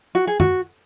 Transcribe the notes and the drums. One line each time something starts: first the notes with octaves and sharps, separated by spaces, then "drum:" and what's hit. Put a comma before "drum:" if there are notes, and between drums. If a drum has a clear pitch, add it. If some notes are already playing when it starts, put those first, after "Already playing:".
F#4
G#4
F#4, drum: tom